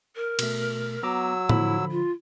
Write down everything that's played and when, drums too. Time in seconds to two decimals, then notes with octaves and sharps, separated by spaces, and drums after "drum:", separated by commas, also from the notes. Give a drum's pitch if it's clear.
0.16 A#4
0.39 B2 A3, drum: cymbal
1.03 F#3 B3 A#5 D6 E6
1.49 D3 F3 E4 B5, drum: tom A2
1.91 F4